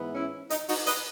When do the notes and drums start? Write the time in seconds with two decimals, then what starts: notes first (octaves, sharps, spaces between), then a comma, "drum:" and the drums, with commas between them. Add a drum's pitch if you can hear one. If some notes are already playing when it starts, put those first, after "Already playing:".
Already playing: G#2 E3 B3
0.14 C#4 E4
0.50 D#4, drum: hi-hat
0.69 D#4 F#4, drum: open hi-hat
0.87 B4 D#5, drum: hi-hat